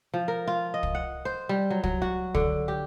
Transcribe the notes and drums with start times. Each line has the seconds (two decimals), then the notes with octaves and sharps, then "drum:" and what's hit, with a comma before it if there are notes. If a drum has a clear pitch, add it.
0.14 F3
0.28 A#4
0.47 F4
0.74 D#5
0.83 drum: kick
0.95 F#5
1.25 C5
1.49 G3
1.71 F#3
1.84 F#3, drum: kick
2.02 F#4
2.35 D3, drum: kick
2.68 G4